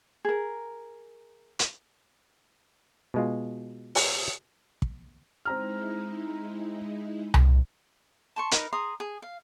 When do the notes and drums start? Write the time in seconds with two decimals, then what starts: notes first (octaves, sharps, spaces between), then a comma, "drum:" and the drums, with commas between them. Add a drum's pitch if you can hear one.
0.25 G#4 A#4
1.59 drum: hi-hat
3.14 B2 G#3 F4
3.95 drum: open hi-hat
4.82 drum: kick
5.45 G#3 C4 D#4 E4 A#5 F6
7.34 drum: tom C2
8.36 A5 C6 C#6
8.51 D#4 A#4 B4, drum: hi-hat
8.73 G#4 A#5 C6 D#6
9.00 G#4
9.22 F5